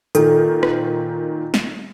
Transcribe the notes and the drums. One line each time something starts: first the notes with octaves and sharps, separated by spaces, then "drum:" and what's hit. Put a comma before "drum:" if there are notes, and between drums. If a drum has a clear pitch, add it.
A#2 D#3 A4, drum: hi-hat
drum: rim click
drum: snare